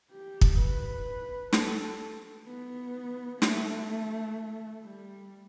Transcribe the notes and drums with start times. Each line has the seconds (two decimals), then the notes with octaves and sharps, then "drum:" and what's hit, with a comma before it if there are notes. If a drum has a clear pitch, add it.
0.11 G4
0.41 drum: kick
0.59 B4
1.53 A4, drum: snare
2.47 B3
3.42 A3, drum: snare
4.84 G3